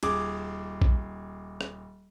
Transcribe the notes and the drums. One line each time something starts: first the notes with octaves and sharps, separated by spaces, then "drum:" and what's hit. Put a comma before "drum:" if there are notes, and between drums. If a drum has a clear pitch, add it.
D#1 G#4 D6, drum: cymbal
drum: kick
drum: rim click